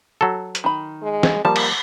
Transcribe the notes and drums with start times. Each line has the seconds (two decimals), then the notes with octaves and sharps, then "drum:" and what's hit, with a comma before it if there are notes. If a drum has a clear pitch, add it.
0.21 F#3 A4
0.55 drum: hi-hat
0.64 D#3 B5
1.03 G#3
1.23 drum: snare
1.45 F3 G3 A#3 A5
1.56 drum: cymbal